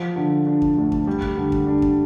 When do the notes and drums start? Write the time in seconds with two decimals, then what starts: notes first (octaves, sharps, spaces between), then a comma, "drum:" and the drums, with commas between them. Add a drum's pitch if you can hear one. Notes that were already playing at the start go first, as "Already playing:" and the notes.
Already playing: F3
0.16 D3
0.47 D4
0.62 drum: kick F2
0.77 D2
0.92 drum: kick F2
1.07 G3
1.22 drum: kick F2
1.37 D3
1.52 drum: kick F2
1.67 D4
1.82 drum: kick F2